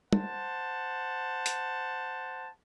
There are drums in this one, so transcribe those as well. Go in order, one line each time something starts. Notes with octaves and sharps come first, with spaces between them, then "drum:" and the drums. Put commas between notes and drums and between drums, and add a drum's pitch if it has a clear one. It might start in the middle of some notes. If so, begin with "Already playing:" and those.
C5 F#5 A5, drum: tom
drum: hi-hat